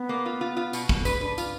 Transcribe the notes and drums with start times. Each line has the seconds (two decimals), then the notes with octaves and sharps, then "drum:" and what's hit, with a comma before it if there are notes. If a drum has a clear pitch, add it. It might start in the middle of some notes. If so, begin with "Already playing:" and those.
Already playing: B3
0.09 A#3
0.26 F4
0.41 F4
0.57 F4
0.73 B2, drum: tambourine
0.89 B2, drum: kick
1.05 B4, drum: tambourine
1.21 D4 B4
1.38 F4, drum: tambourine